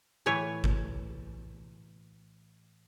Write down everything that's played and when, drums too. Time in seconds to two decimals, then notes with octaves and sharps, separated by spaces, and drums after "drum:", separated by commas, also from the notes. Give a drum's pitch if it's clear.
0.26 A2 E3 B4 C#5
0.64 drum: kick G1